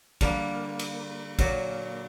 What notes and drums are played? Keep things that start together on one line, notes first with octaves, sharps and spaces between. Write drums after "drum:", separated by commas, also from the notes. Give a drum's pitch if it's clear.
D3 G3 A#3, drum: kick, cymbal
drum: cymbal
A#2 F#3 A#3, drum: kick, cymbal